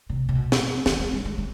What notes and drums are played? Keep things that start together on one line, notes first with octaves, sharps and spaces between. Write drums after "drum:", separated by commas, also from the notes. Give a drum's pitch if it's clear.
C3
C3
B2
drum: snare
D3, drum: snare
G#3
G3
G#3
A3